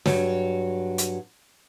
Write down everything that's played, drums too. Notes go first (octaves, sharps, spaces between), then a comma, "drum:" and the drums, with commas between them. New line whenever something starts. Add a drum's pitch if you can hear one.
G2 F#3, drum: snare
drum: hi-hat